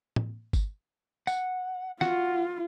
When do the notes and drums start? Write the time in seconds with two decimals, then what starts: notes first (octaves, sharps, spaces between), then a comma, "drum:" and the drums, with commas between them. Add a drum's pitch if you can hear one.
0.16 drum: tom A2
0.53 drum: kick G1, tambourine
1.27 F#5, drum: tambourine
2.01 F4 F#4 F#5, drum: snare